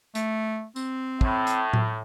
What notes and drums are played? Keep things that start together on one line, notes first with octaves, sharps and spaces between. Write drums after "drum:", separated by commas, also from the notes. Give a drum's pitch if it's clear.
A3, drum: hi-hat
C4, drum: tambourine
A2, drum: kick
drum: hi-hat
drum: tom A2